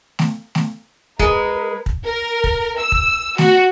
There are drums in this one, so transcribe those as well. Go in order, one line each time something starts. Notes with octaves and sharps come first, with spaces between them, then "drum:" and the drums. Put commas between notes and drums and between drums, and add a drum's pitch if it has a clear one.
drum: snare A3
drum: snare A3
G#3 A#4 B4, drum: kick
drum: kick
A#4
drum: kick
E6
drum: kick
F#4, drum: snare A3